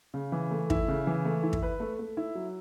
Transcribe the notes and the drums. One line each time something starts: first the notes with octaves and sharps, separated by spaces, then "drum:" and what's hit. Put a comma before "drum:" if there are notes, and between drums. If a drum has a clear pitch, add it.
C#3
E3
A3
E4, drum: kick
C#3
E3
A3
E4
drum: kick
B4
A3
A3
E4
F#3